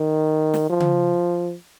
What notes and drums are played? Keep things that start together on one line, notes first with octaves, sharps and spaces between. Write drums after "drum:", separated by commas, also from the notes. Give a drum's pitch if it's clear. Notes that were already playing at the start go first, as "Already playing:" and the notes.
Already playing: D#3
drum: snare
F3
drum: tom C#3